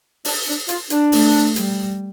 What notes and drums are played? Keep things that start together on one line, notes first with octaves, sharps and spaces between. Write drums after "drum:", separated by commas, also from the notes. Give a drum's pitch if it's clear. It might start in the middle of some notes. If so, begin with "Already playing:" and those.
D4, drum: open hi-hat
D4
F4, drum: hi-hat
D4, drum: hi-hat
A3, drum: open hi-hat
G3, drum: hi-hat